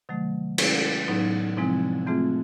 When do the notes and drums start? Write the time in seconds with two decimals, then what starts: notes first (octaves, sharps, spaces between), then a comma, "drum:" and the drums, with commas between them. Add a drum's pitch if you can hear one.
0.09 C3 D#3 F#3 A3
0.58 G#3 C#4 E4 G#4, drum: cymbal
1.08 A2 F#3 B3 D#4
1.57 C3 F3 G#3 C4 E4
2.07 E3 A3 C4 F4 G#4